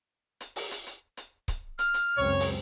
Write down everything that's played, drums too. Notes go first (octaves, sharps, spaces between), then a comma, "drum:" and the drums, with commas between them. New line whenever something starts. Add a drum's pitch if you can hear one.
drum: hi-hat
drum: open hi-hat
drum: hi-hat
drum: hi-hat
drum: hi-hat
drum: kick C#1, hi-hat
F6, drum: hi-hat
drum: hi-hat
C#2 F#2 C4 C#5
drum: open hi-hat